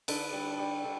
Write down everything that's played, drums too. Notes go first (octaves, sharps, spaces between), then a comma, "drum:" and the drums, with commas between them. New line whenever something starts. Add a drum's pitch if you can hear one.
D3 B4, drum: cymbal
G3
G3
D3